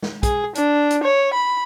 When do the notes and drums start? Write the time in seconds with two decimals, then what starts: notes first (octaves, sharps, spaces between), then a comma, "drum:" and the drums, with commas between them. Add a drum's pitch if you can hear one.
0.03 drum: snare
0.23 G#4, drum: kick, hi-hat
0.55 D4, drum: hi-hat
0.91 drum: hi-hat
1.03 C#5
1.33 B5